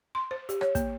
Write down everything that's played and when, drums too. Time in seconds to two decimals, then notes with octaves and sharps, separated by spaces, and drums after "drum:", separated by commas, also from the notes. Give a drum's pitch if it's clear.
0.15 C6
0.31 C5
0.49 G4, drum: hi-hat
0.61 C#5, drum: rim click
0.75 A#3, drum: kick, hi-hat